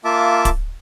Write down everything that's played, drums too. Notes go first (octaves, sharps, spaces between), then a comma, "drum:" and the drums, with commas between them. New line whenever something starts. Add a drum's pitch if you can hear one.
A#3 F4 E5 A5 D6
drum: kick D1, hi-hat